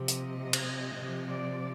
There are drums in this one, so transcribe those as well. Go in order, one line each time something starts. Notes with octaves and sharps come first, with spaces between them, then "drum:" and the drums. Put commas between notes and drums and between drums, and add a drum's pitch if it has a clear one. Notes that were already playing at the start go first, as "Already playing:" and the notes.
Already playing: C3 F3
D#5, drum: hi-hat
drum: cymbal
C3 F3
D5